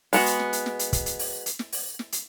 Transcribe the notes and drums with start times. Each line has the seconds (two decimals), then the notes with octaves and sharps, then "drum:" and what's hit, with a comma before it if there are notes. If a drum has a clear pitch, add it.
0.13 G#3 B3 F#4, drum: open hi-hat
0.26 drum: hi-hat
0.39 drum: snare
0.53 drum: hi-hat
0.66 drum: snare
0.79 drum: hi-hat
0.93 drum: kick, hi-hat
1.06 drum: hi-hat
1.19 drum: open hi-hat
1.46 drum: hi-hat
1.59 drum: snare
1.72 drum: open hi-hat
1.99 drum: snare
2.12 drum: hi-hat